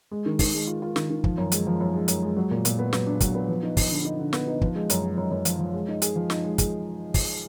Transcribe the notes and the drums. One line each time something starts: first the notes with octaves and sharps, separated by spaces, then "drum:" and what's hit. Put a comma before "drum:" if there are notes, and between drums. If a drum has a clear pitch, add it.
G#3
D#3
D#3, drum: kick, open hi-hat
G#3
F4
F4
D#3, drum: snare
D#3
F3, drum: kick
F#2
G#3, drum: hi-hat
F3
F#2
G#3
F#2, drum: hi-hat
G#3
F#3
A#2
A#2, drum: hi-hat
B3
F#3, drum: snare
D4
F#3, drum: kick, hi-hat
B3
F3
D#4
D#4, drum: kick, open hi-hat
D3
D#4
D3
B3, drum: snare
D#4
F3, drum: kick
G#3
F#2, drum: hi-hat
G#3
F#2
F#2
F3, drum: hi-hat
F3
G#3
D#4
G#4, drum: hi-hat
F3
D#4, drum: snare
G#3
G#4, drum: kick, hi-hat
drum: kick, open hi-hat